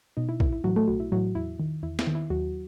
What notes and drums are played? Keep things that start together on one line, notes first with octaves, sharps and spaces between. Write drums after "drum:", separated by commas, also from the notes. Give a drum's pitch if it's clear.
B2 D#4
E4
B1 E4, drum: kick
E4
A2 E3 F#3 F#4
A3 A4
B1 F#4
E4
A2 E3 F#3 F#4
E2 E4
D#3
E2 E4
E4, drum: snare
D#3
E4
D#2 F#3 F#4